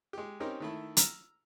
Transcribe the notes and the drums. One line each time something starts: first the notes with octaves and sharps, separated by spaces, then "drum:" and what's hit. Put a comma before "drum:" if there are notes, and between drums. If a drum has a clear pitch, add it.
G#3 G4
C4 C#4 D#4 G4 A#4
D#3 A3 E4
A#5 E6 F6, drum: hi-hat